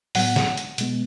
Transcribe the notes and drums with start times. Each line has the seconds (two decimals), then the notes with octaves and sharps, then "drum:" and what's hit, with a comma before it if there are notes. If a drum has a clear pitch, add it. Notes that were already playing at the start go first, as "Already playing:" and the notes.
0.15 A2 F#3 B3 F#5, drum: open hi-hat
0.36 drum: snare
0.57 drum: hi-hat
0.78 B2 G#3 B3, drum: hi-hat